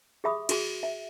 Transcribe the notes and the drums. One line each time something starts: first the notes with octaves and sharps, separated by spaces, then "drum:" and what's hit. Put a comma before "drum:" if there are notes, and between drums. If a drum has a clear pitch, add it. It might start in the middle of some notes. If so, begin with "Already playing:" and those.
G4 G#4 E5 B5 D#6
F#4 G#4 C6, drum: cymbal
E5